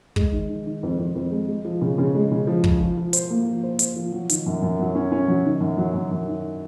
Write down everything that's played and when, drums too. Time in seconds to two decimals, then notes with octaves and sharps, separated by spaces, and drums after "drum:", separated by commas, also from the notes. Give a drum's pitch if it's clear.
0.16 G#3, drum: kick
0.32 D#3
0.49 D#3
0.66 D#3
0.83 F2
0.99 F2
1.15 F2
1.32 G#3
1.49 G#3
1.65 F3
1.81 C#3
1.98 C#3
2.15 G#3
2.31 C#3
2.47 F3
2.64 F3, drum: kick
2.81 F3
2.97 F3
3.13 C5, drum: hi-hat
3.30 A#3
3.47 F3
3.63 C5
3.79 C5, drum: hi-hat
3.96 F3
4.12 F#3
4.29 D#3, drum: hi-hat
4.46 F#2
4.62 F#2
4.79 F#3
4.95 C#4
5.12 C#4
5.28 F#3
5.45 D#3
5.61 F#2
5.77 F#3
5.94 F#2
6.11 F#2
6.28 D#3